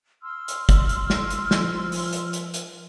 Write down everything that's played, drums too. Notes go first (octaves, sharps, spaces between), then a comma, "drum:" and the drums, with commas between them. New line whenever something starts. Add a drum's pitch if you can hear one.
C6 E6 F6
drum: hi-hat
drum: kick, hi-hat
drum: hi-hat
drum: snare
drum: hi-hat
F3, drum: snare
drum: open hi-hat
drum: hi-hat
drum: hi-hat
drum: hi-hat